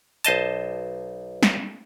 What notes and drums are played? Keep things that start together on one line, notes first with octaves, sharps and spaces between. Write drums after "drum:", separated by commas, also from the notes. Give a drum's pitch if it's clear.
B1 C5 D#5 A5, drum: hi-hat
drum: snare